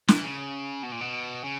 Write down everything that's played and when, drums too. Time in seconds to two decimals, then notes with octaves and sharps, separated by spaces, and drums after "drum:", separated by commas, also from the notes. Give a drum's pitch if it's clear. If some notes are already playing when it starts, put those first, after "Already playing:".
0.08 E3, drum: snare
0.23 C#3
0.83 B2
0.92 A#2
1.01 B2
1.44 C#3